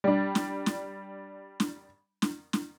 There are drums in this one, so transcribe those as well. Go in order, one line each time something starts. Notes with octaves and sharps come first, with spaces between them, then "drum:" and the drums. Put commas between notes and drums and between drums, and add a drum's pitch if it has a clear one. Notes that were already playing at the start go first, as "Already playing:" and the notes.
G3 D4
drum: snare
drum: snare
drum: snare
drum: snare
drum: snare